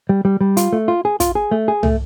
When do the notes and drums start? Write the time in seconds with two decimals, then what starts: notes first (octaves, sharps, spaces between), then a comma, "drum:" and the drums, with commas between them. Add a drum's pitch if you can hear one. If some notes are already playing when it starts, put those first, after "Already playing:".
0.09 G3
0.25 G3
0.41 G3
0.57 F4, drum: hi-hat
0.73 A3
0.88 F4
1.05 G#4
1.20 F4, drum: kick, hi-hat
1.35 G#4
1.51 A3
1.68 G#4
1.83 A3, drum: tom